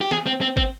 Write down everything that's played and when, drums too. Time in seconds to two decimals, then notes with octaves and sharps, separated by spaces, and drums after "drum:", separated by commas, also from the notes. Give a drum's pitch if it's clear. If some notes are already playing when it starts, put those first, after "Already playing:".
0.01 G4
0.11 G#4, drum: snare
0.26 C4
0.41 C4
0.57 C4, drum: kick